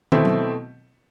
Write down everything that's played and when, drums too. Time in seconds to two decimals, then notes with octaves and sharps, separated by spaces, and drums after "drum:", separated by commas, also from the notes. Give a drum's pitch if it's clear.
0.12 B2 A3 C4 E4, drum: tom
0.25 drum: tom F#3